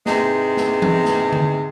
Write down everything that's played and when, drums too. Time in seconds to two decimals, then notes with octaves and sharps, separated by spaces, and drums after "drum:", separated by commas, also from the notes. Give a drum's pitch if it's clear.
0.06 G#2 C3 E3 G#3, drum: snare
0.57 drum: snare
0.82 drum: tom E3
1.05 drum: snare
1.32 drum: tom D3